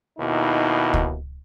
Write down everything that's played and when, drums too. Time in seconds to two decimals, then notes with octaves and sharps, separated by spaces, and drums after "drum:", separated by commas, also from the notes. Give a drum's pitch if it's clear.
0.19 D#2 B2 D#4 E4
0.94 drum: kick